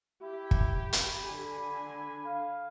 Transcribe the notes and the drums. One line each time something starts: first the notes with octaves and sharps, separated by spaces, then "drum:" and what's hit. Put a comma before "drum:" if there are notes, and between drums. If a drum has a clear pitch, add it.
E4 G4
drum: kick
B5, drum: hi-hat
D3 G#5
F5